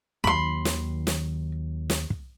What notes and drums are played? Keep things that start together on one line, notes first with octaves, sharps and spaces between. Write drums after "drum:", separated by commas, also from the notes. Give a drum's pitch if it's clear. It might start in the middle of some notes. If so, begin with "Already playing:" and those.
D#2 D#3 F#3 B5 C6, drum: kick
drum: snare
drum: snare
drum: snare
drum: kick